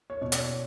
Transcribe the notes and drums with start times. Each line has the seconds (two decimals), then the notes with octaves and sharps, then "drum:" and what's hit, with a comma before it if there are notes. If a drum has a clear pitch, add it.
0.10 C#5
0.22 B2 C#5
0.32 D5, drum: hi-hat
0.41 C#5